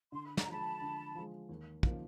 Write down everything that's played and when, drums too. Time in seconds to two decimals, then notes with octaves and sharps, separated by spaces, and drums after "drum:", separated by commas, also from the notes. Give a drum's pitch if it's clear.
0.12 D3 C6
0.26 B5
0.37 A#5, drum: snare
0.47 F3 G#3 A5 B5
0.82 D3
1.15 F3 G#3
1.49 D#2
1.83 C#3 F3 A#3 D#4, drum: kick